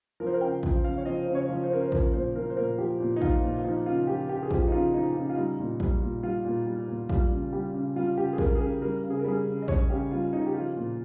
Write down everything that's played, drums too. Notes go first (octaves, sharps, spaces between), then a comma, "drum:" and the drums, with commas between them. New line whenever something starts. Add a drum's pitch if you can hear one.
F3 A#4
C5
A#4
C#3 G5
F3, drum: kick
C#3 F5
C#5
F3 D#5
C#3 C5
C#5
F3
C5
C#3 A#4
C5
F3 A#4, drum: kick
A#2 C5
F3 A#4
C5
A#2 A#4
F3 G4
A#2
D#4
F3 F4, drum: kick
A#2
F4
F3 D#4
C#3 F4
F3 G4
C#3 G4
G#4
F3 G4, drum: kick
D#4
C#3 F4
F3 D#4
C#3 F4
F4
G3 D#4
A#2
G3, drum: kick
A#2
G3 F4
A#2
G3
A#2
G3 F4, drum: kick
C#3
G3 G4
C#3
G3 F4
C#3 G4
G#4
G3 A#4, drum: kick
G#4
C#3 A#4
G3 A#4
C#3
G#4
A#4
G3 G#4
C#3
D#5
G3 C#5, drum: kick
C#3 G4
G3 F4
C#3 D#4
G4
F3 F4
A#2